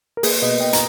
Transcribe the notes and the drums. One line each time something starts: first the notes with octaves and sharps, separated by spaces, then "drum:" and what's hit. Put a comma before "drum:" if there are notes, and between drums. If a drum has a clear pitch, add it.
A#4
A#3 G#4 B4, drum: open hi-hat
B2 B4 D#5
A#3 D#5 G5
A#5, drum: hi-hat